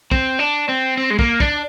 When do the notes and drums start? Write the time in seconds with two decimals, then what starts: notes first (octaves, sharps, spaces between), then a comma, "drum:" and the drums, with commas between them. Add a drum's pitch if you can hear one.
0.11 C4, drum: kick
0.39 D4
0.69 C4
0.97 C4
1.10 G#3
1.19 A#3, drum: kick
1.40 D4, drum: kick